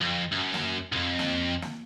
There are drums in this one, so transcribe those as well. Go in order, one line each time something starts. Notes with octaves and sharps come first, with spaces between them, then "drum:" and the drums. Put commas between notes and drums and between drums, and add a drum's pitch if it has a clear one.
F2
F#2
drum: snare
B1 F2
drum: snare
drum: snare